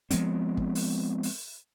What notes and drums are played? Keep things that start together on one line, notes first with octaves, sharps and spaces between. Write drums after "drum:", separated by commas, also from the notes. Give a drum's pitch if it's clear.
F3 G#3 B3 C4, drum: hi-hat
drum: kick
drum: open hi-hat
drum: open hi-hat